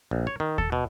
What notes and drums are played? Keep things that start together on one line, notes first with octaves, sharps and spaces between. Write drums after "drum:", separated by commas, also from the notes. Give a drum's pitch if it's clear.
A#1
C#5
D#3
A4, drum: kick D#2
B2